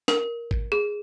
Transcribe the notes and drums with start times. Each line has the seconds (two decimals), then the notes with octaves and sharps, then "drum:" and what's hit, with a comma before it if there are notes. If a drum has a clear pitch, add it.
0.08 A#4, drum: snare
0.51 drum: kick G#1
0.72 G#4